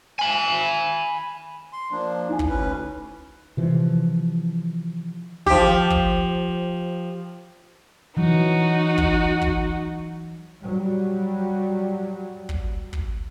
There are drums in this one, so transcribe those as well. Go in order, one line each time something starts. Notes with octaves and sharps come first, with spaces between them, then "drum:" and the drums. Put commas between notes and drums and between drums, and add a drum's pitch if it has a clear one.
G#5 B5
C6
F3 A#3 D4
E2 D#4 E4 G#5
drum: kick
D2 C#4 B4
C3 E3 F3
F3 G4, drum: kick
drum: kick
E3 F#3 D#4 F#4
drum: kick
drum: kick
F#3 G3
drum: kick
drum: kick